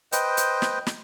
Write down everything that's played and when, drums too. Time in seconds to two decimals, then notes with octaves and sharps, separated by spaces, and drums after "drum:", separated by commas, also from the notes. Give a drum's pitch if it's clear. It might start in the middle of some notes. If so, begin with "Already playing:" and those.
0.12 B4 C5 D#5 G5, drum: hi-hat
0.37 drum: hi-hat
0.62 drum: snare
0.86 drum: snare